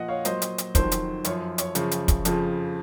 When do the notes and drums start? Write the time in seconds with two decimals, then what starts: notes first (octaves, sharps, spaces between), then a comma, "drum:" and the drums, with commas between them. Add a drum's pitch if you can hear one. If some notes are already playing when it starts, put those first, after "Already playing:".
Already playing: A#2 F3 D#5 F#5
0.08 C#5 F5
0.25 A#2 F#3 C5 D#5, drum: hi-hat
0.42 drum: hi-hat
0.58 drum: hi-hat
0.75 F2 D#3 F#3 C5, drum: kick, hi-hat
0.92 drum: hi-hat
1.24 F#2 F3 C#5, drum: hi-hat
1.58 C#5, drum: hi-hat
1.75 F#2 C#3 F3, drum: hi-hat
1.91 drum: hi-hat
2.08 drum: kick, hi-hat
2.25 F2 C#3 F3, drum: hi-hat